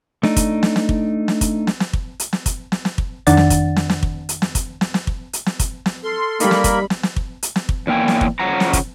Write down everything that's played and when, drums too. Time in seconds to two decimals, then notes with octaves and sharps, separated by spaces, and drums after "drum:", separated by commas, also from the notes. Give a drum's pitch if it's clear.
0.23 A3 D4 D#4, drum: snare
0.36 drum: kick, hi-hat
0.63 drum: snare
0.76 drum: snare
0.89 drum: kick
1.28 drum: snare
1.41 drum: kick, hi-hat
1.67 drum: snare
1.80 drum: snare
1.93 drum: kick
2.20 drum: hi-hat
2.33 drum: snare
2.46 drum: kick, hi-hat
2.72 drum: snare
2.85 drum: snare
2.98 drum: kick
3.27 F2 D#3 D4 D5 F#5 A6, drum: hi-hat
3.37 drum: snare
3.50 drum: kick, hi-hat
3.76 drum: snare
3.90 drum: snare
4.03 drum: kick
4.29 drum: hi-hat
4.42 drum: snare
4.55 drum: kick, hi-hat
4.81 drum: snare
4.94 drum: snare
5.07 drum: kick
5.33 drum: hi-hat
5.46 drum: snare
5.59 drum: kick, hi-hat
5.86 drum: snare
6.03 A4 C6 F6
6.40 G3 A#3 D#4 A#4 B5, drum: hi-hat
6.51 drum: snare
6.64 drum: kick, hi-hat
6.90 drum: snare
7.03 drum: snare
7.16 drum: kick
7.43 drum: hi-hat
7.56 drum: snare
7.69 drum: kick
7.87 E2 A#3 G5 G#5
8.08 drum: snare
8.21 drum: kick
8.40 C#3 F3 F#5 A#5
8.60 drum: snare
8.73 drum: kick, hi-hat